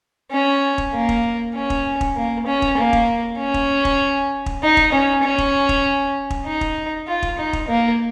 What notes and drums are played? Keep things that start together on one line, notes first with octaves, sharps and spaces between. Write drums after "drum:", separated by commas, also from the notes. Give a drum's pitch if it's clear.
C#4
drum: kick
A#3
drum: kick
C#4
drum: kick
drum: kick
A#3
C#4
drum: kick
A#3
drum: kick
C#4
drum: kick
drum: kick
drum: kick
D#4
drum: kick
C#4
C#4
drum: kick
drum: kick
drum: kick
D#4
drum: kick
F4
drum: kick
D#4
drum: kick
A#3